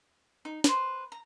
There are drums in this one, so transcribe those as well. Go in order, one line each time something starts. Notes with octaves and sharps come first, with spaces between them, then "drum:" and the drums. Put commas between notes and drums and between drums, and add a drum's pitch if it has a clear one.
D#4
B4 C5, drum: snare
A#5